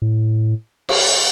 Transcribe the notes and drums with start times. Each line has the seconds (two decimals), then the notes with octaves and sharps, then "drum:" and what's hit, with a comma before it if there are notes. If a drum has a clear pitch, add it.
0.02 A2
0.89 drum: cymbal